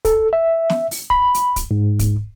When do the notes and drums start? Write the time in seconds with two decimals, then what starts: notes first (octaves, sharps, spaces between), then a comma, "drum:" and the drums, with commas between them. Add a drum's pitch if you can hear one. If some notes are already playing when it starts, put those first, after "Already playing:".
0.05 A4, drum: kick, hi-hat
0.33 E5
0.70 drum: snare
0.91 drum: open hi-hat
1.10 B5, drum: kick
1.34 drum: hi-hat
1.56 drum: kick, hi-hat
1.71 G#2
1.99 drum: kick, hi-hat